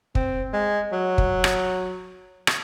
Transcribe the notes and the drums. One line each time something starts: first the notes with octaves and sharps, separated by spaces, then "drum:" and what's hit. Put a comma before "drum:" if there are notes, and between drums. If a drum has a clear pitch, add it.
C4, drum: kick
G#3
F#3
drum: kick
drum: rim click
drum: rim click